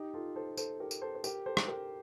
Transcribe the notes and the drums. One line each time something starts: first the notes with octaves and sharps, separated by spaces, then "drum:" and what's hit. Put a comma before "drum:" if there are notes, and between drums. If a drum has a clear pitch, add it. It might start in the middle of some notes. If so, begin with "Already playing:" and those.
Already playing: D#4 G4
F4 A4
A4 C5
A4 C5, drum: tambourine
G4 A#4
drum: tambourine
A4 C5
C5
G4 A#4, drum: tambourine
A4 C5
drum: rim click
G4 A#4